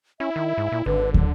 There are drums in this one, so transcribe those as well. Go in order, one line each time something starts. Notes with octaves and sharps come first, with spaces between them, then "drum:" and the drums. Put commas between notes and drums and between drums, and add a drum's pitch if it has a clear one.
C#4 E4 E5
D#3
G#2
A#2
G#1 D3 B4
F#3, drum: kick